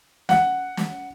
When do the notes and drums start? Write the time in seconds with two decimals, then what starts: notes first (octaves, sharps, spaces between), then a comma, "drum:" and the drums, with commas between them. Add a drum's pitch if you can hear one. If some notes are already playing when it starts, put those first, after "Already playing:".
0.29 F#5, drum: snare
0.77 drum: snare